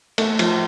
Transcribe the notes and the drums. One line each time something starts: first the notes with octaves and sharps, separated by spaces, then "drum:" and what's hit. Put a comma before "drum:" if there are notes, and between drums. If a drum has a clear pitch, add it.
A3, drum: cymbal
F3, drum: cymbal